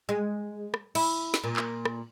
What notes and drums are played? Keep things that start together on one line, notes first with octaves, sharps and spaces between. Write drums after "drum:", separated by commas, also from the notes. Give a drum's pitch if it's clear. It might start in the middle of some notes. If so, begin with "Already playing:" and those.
G#3
drum: rim click
E4, drum: cymbal
drum: snare
A#2
drum: clap
drum: rim click